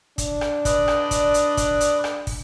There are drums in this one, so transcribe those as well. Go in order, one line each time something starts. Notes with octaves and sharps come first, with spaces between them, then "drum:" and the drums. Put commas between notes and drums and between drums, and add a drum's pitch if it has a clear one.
D4, drum: kick, hi-hat
drum: rim click
B4 D5 D#5, drum: kick, hi-hat
drum: rim click
drum: kick, hi-hat
drum: hi-hat
drum: kick, hi-hat
drum: hi-hat
drum: rim click
drum: kick, open hi-hat